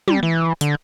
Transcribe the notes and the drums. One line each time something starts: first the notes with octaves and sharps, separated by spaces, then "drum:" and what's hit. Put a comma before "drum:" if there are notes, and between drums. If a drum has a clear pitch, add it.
G3, drum: tom
E3
D3, drum: hi-hat